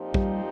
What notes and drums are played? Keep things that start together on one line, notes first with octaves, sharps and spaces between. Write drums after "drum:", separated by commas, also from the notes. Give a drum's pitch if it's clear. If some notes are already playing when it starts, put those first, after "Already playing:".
Already playing: A#2 F3 C4 D#4 G4
G3, drum: kick A#1